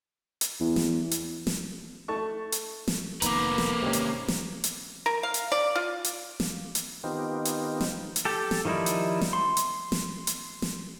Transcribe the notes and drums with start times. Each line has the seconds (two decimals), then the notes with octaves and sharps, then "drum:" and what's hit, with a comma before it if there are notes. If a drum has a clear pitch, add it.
0.41 drum: hi-hat
0.60 E2
0.76 drum: snare
1.11 drum: hi-hat
1.47 drum: snare
2.08 A3 A5 C#6
2.52 drum: hi-hat
2.88 drum: snare
3.22 F1 D#3 A#3 B3 B4 A#5 D6, drum: hi-hat
3.58 drum: snare
3.82 G#1 C3 C4 C#4
3.93 drum: hi-hat
4.28 drum: snare
4.64 drum: hi-hat
5.06 A#4
5.23 F5
5.34 drum: hi-hat
5.52 D5
5.75 F4
6.04 drum: hi-hat
6.40 drum: snare
6.75 drum: hi-hat
7.04 D#3 B3 C4 D#4 F4 G4
7.45 drum: hi-hat
7.81 drum: snare
8.16 drum: hi-hat
8.25 G4 A4
8.51 drum: snare
8.65 D#3 F3 G3 D#4 E4
8.86 drum: hi-hat
9.21 drum: snare
9.33 C6
9.57 drum: hi-hat
9.92 drum: snare
10.27 drum: hi-hat
10.62 drum: snare